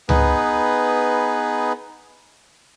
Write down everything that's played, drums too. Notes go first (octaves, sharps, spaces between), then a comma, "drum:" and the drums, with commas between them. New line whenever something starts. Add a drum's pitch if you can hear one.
B3 D#4 G#4 B4, drum: tom C#2